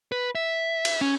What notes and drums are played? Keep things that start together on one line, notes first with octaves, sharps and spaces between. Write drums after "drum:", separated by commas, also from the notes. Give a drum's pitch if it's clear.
B4
E5
drum: cymbal
C#4